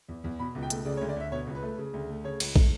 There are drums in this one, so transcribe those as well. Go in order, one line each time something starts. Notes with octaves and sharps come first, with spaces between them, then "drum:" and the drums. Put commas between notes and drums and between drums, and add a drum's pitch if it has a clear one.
E2
E2
B2 B5
C#2
G5
A3, drum: hi-hat
C#3 D5
C#5
D2
D5
D2 E5
B2 C#5
C#2
B4
A3
C#3
D2
A3
C#3 C#5
C#2, drum: cymbal
A3, drum: kick